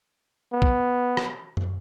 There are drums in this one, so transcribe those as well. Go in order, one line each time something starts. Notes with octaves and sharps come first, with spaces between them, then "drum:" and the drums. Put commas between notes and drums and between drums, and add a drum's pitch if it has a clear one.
B3
drum: kick B1
drum: rim click
drum: tom F#2